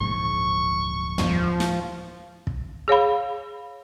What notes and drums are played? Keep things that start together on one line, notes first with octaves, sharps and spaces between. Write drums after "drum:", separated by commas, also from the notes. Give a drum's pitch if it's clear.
D1 A#1 G#2 C#6
F3, drum: tom
drum: snare
drum: kick
G#4 C#5 F5 B5